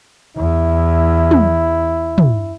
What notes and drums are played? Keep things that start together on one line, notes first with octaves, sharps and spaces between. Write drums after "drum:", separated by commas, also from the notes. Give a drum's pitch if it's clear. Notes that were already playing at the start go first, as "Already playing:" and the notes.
E2 E4
drum: tom
drum: tom